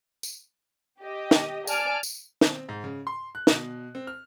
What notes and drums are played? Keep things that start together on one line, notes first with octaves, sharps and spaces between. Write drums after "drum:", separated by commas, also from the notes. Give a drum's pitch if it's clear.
drum: tambourine
G4 D#5
drum: snare
D5 G#5 A5 F6 D7, drum: tambourine
drum: tambourine
C4, drum: snare
G#2
C#3
C6
F#6
B2, drum: snare
C4
F6